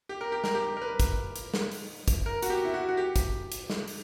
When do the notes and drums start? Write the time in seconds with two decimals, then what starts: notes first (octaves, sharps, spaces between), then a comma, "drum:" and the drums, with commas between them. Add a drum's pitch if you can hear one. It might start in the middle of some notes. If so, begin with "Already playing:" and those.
0.09 G4
0.21 A#4
0.32 G4
0.44 A#4, drum: snare
0.55 G4
0.77 A#4
0.82 B4
1.00 drum: kick, hi-hat
1.36 drum: hi-hat
1.54 drum: snare
1.72 drum: open hi-hat
2.08 drum: kick, hi-hat
2.26 A#4
2.43 F#4, drum: hi-hat
2.50 G4
2.65 E4
2.74 F#4
2.88 F#4
2.97 G4
3.16 drum: kick, hi-hat
3.52 drum: hi-hat
3.70 drum: snare
3.88 drum: open hi-hat